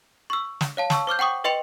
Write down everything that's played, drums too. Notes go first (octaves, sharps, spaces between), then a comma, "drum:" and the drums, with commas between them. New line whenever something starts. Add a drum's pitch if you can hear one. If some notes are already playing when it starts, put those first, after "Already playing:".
C#6 E6
drum: snare
C#5 F5 A5
A5 C#6 E6, drum: snare
C5 D6 F6 G6
F#5 G5 C#6 D#6
B4 D#5 G5 C6 C#7 F7